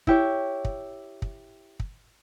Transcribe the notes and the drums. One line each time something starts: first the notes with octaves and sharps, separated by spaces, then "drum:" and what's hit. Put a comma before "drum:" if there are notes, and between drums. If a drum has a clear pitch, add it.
E4 G4 C#5, drum: kick
drum: kick
drum: kick
drum: kick